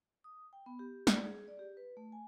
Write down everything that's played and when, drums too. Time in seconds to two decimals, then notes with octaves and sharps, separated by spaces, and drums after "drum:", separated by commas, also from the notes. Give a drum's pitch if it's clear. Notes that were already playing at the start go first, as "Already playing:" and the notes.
0.24 D#6
0.53 G5
0.66 B3
0.79 G4
1.07 D5, drum: snare
1.25 G#4
1.48 D5
1.59 G4
1.77 B4
1.97 A3
2.12 G#5